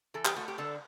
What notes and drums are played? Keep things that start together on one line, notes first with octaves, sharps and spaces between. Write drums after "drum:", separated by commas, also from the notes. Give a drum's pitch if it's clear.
E3 A4
G4, drum: clap
A3 F#4
G4
D3 A4